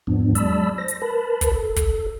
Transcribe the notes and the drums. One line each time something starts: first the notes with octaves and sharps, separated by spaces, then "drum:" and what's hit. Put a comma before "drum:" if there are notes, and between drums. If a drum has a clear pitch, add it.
E2 G#2 F3 B3 D4
F#3 G#3 D5 A5 B5 E6, drum: hi-hat
C5 A#6
drum: hi-hat
A#4 B4 A5 B5
drum: kick, hi-hat
A4
drum: kick, hi-hat